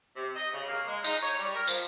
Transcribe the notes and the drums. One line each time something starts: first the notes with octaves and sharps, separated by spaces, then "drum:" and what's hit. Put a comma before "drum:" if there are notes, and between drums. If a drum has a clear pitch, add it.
C3
D#5
C#3
A#3
G#3
D#4, drum: tambourine
C#5
G3
A#4
F3, drum: tambourine